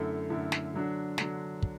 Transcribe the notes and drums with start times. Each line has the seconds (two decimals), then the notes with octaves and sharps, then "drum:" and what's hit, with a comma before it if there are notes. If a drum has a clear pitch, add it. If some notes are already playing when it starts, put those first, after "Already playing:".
Already playing: F#2 D3 A3 E4
0.30 F#2 D3 A3 E4
0.52 drum: snare
0.74 D3 F#3 D4
1.18 D3 F#3 D4, drum: snare
1.63 drum: kick